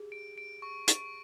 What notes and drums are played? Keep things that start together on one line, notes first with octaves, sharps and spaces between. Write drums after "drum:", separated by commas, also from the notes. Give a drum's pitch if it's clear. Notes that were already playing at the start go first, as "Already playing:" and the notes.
Already playing: G4 G#4
D7
D7
C#6
C#6, drum: hi-hat